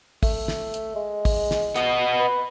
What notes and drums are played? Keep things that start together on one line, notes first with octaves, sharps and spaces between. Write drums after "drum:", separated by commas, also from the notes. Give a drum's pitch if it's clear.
A3, drum: kick, open hi-hat
drum: snare
drum: hi-hat
G#3
drum: kick, open hi-hat
drum: snare
B3 D#5, drum: hi-hat
B4